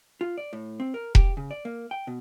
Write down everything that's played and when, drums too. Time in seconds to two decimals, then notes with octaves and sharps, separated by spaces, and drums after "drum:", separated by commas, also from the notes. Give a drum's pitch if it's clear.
0.21 F4
0.38 D5
0.53 A2
0.80 C4
0.94 A#4
1.15 G4, drum: kick E1
1.37 C#3
1.51 D5
1.65 A#3
1.91 G5
2.07 B2